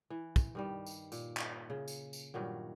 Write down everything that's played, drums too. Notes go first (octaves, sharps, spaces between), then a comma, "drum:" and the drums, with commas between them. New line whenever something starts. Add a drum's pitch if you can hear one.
E3
drum: kick, tambourine
G2 D#3 G3
drum: tambourine
A#2, drum: tambourine
drum: clap
C#3
drum: tambourine
drum: tambourine
G2 A#2 D#3 F#3